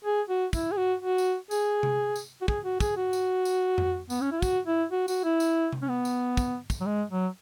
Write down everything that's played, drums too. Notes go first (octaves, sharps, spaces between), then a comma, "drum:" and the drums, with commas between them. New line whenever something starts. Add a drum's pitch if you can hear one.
G#4
F#4
E4, drum: kick, tambourine
G#4
F#4
F#4
drum: tambourine
G#4, drum: tambourine
drum: tom C3
drum: tambourine
F#4
G#4, drum: kick
F#4
G#4, drum: kick, tambourine
F#4
drum: tambourine
drum: tambourine
drum: tom F2
B3, drum: tambourine
C#4
E4
F#4, drum: kick, tambourine
E4
F#4
F#4, drum: tambourine
E4
drum: tambourine
drum: tom C3
C#4
B3
drum: tambourine
drum: kick, tambourine
drum: kick, tambourine
F#3
G#3
F#3